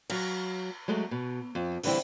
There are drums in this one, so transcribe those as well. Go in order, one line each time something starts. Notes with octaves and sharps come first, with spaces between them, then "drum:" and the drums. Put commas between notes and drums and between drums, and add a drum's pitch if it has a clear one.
F#3 F5, drum: cymbal
F#3 G#3 A3
B2
F2
D3 E3 G3 C4 E4, drum: open hi-hat